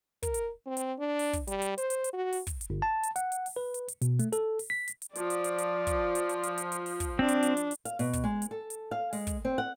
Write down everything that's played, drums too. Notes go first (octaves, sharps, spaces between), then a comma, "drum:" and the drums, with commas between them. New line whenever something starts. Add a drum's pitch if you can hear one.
A#4, drum: kick, hi-hat
drum: hi-hat
C4
drum: hi-hat
D4
drum: open hi-hat
drum: kick, hi-hat
G3, drum: hi-hat
drum: hi-hat
C5, drum: hi-hat
drum: hi-hat
drum: hi-hat
F#4
drum: open hi-hat
drum: kick, hi-hat
drum: hi-hat
G1
A5
drum: hi-hat
F#5, drum: hi-hat
drum: hi-hat
drum: open hi-hat
B4
drum: hi-hat
drum: hi-hat
B2, drum: hi-hat
A3, drum: hi-hat
A4, drum: hi-hat
drum: open hi-hat
B6
drum: hi-hat
drum: hi-hat
F3 D5, drum: hi-hat
drum: hi-hat
drum: hi-hat
drum: hi-hat
drum: kick, hi-hat
drum: hi-hat
drum: hi-hat
drum: hi-hat
drum: hi-hat
drum: hi-hat
drum: open hi-hat
drum: kick, hi-hat
C4 D4
drum: hi-hat
drum: hi-hat
drum: hi-hat
drum: hi-hat
F5, drum: hi-hat
B2, drum: open hi-hat
drum: kick, hi-hat
G#3
drum: hi-hat
A4
drum: hi-hat
F5
G#3, drum: open hi-hat
drum: kick, hi-hat
C4
F#5